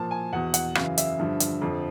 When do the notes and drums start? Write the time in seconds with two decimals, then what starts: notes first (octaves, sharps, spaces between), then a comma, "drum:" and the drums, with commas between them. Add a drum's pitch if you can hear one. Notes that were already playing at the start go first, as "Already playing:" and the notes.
Already playing: A#2 F3 A5
0.11 G#5
0.33 E2 B2 F#5
0.54 F#5, drum: hi-hat
0.75 F#2 C#3 E3 F5, drum: rim click
0.98 E5, drum: hi-hat
1.19 G2 D3 F3
1.40 drum: hi-hat
1.62 F2 D3 F3